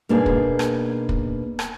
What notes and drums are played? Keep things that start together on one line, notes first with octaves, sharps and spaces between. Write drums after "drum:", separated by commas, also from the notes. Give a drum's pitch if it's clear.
B2 A#3 D4 D#4 G#4
drum: kick
drum: rim click
drum: kick
drum: rim click